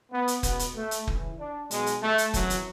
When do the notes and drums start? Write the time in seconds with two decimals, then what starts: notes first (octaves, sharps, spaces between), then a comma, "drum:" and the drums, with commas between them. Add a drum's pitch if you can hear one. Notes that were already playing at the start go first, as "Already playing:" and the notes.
0.12 B3
0.28 drum: hi-hat
0.43 C#2 B2 B3, drum: kick, hi-hat
0.59 drum: hi-hat
0.75 A3
0.91 drum: hi-hat
1.07 C#2 C#3 E3, drum: kick
1.39 D4
1.71 B1 B2 G#3, drum: hi-hat
1.86 drum: hi-hat
2.02 A3
2.18 drum: hi-hat
2.34 G#1 F#2 E3 F#3, drum: kick, hi-hat
2.50 drum: hi-hat